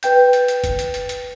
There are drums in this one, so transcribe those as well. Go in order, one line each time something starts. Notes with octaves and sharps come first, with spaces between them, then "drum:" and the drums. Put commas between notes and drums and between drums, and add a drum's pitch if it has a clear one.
B4 G5 G6, drum: hi-hat
drum: hi-hat
drum: hi-hat
drum: kick, hi-hat
drum: hi-hat
drum: hi-hat
drum: hi-hat